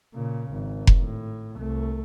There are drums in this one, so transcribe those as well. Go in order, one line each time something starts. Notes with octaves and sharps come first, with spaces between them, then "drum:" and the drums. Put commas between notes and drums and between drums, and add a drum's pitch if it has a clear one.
A#2 C#3
G#1
drum: kick F1
A2
C2 A3